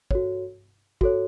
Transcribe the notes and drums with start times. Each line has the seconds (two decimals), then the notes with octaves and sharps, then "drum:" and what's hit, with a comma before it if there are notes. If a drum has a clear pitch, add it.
0.11 F#4 A4 C#5, drum: kick
1.01 F#4 A4 C#5, drum: kick